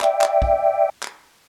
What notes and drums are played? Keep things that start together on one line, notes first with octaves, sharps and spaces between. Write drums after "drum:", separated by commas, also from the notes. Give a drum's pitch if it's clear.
D5 E5 G5, drum: clap
drum: clap
drum: kick
drum: clap